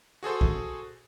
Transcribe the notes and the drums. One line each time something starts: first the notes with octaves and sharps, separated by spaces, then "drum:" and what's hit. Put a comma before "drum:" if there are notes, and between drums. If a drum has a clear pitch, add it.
F#4 G#4 A4 C5
drum: kick